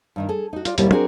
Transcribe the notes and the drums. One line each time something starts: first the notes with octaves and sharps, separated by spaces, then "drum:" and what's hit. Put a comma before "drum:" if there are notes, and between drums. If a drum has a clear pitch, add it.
G2 D#3 D#4
G#4 A4
D#4 F#4
F4 D5, drum: hi-hat
D#2 B2 G3 A#3 C4 E4, drum: hi-hat
C4 D4 F#4 G#4 A#4, drum: tom